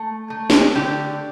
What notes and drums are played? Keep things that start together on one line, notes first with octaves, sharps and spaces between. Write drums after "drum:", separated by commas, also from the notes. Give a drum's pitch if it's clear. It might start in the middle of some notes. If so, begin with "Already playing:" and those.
Already playing: A3
A3
drum: snare
D3 G4